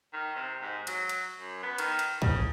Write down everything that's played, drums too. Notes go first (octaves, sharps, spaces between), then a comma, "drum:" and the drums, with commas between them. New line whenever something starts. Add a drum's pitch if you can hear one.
D#3
C3
G#2
F#3, drum: cymbal
drum: cymbal
F#2
B3
D#3, drum: cymbal
drum: cymbal
C#3, drum: kick